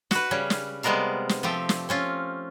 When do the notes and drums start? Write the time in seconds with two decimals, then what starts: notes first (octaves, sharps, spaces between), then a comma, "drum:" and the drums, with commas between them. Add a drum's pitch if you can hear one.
0.11 F#4 B4, drum: snare
0.31 C#3 G3 C#4
0.50 drum: snare
0.83 C3 G3 G#3 B3 A#4 F5
1.29 drum: snare
1.43 F3 A3 C4 G4
1.69 drum: snare
1.89 C4 C#4 F4